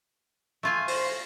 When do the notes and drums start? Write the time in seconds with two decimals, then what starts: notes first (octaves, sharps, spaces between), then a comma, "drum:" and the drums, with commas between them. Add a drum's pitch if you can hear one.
0.63 A3 F4 G#5
0.88 C5, drum: open hi-hat